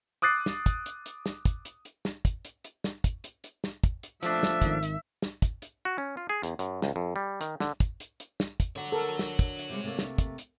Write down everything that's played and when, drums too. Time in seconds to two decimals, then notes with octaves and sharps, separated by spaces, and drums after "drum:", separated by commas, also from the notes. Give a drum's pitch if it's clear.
0.22 D6 D#6 F#6 A6 C7
0.46 drum: snare
0.66 drum: kick, hi-hat
0.86 drum: hi-hat
1.06 drum: hi-hat
1.26 drum: snare
1.45 drum: kick, hi-hat
1.65 drum: hi-hat
1.85 drum: hi-hat
2.05 drum: snare
2.25 drum: kick, hi-hat
2.45 drum: hi-hat
2.65 drum: hi-hat
2.84 drum: snare
3.04 drum: kick, hi-hat
3.24 drum: hi-hat
3.44 drum: hi-hat
3.64 drum: snare
3.84 drum: kick, hi-hat
4.03 drum: hi-hat
4.23 F3 A3 D4 E5, drum: hi-hat
4.43 drum: snare
4.62 G#1 D#3, drum: kick, hi-hat
4.83 drum: hi-hat
5.22 drum: snare
5.42 drum: kick, hi-hat
5.62 drum: hi-hat
5.85 F#4
5.98 C#4
6.17 F4
6.29 G#4
6.43 E2, drum: hi-hat
6.59 F#2, drum: hi-hat
6.82 C#2, drum: snare
6.96 F2
7.16 G3
7.41 D#3, drum: hi-hat
7.60 D3, drum: snare
7.80 drum: kick, hi-hat
8.00 drum: hi-hat
8.20 drum: hi-hat
8.40 drum: snare
8.60 drum: kick, hi-hat
8.76 D3 C#5 F#5
8.92 A4 A#4
9.19 drum: snare
9.39 drum: kick, hi-hat
9.59 drum: hi-hat
9.69 C3 G3 G#3
9.84 C3 A3 A#3
9.99 drum: snare
10.18 drum: kick, hi-hat
10.38 drum: hi-hat